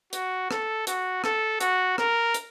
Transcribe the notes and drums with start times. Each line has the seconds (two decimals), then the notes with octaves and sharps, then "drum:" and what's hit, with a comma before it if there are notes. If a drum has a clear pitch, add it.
0.13 F#4, drum: hi-hat
0.51 A4, drum: rim click
0.87 F#4, drum: hi-hat
1.24 A4, drum: rim click
1.60 F#4, drum: hi-hat
1.98 A#4, drum: rim click
2.34 drum: hi-hat